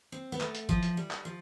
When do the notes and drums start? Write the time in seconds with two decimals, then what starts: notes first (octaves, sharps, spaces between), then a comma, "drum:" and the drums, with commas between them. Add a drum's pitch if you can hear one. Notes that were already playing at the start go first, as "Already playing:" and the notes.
0.12 C4
0.32 B3
0.40 A3, drum: clap
0.55 drum: hi-hat
0.69 F3, drum: kick
0.83 drum: hi-hat
0.97 G3
1.11 drum: clap
1.25 F3